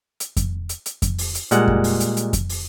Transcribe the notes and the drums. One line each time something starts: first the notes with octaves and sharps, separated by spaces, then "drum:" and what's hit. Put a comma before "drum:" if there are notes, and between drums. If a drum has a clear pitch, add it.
drum: hi-hat
drum: kick F2, hi-hat
drum: hi-hat
drum: hi-hat
drum: kick F2, hi-hat
drum: open hi-hat
drum: hi-hat
A#2 G3 G#3 F#5, drum: hi-hat
drum: kick F2
drum: open hi-hat
drum: hi-hat
drum: hi-hat
drum: kick F2, hi-hat
drum: open hi-hat